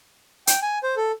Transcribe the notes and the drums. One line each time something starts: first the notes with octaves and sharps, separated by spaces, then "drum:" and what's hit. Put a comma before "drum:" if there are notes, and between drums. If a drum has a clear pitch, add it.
G5, drum: hi-hat
G#5
C5
A4